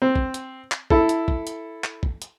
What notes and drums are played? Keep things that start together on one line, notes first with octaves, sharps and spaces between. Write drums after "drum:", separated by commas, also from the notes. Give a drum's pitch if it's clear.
C4
drum: kick
drum: hi-hat
drum: clap
E4 A4, drum: kick
drum: hi-hat
drum: kick
drum: hi-hat
drum: clap
drum: kick
drum: hi-hat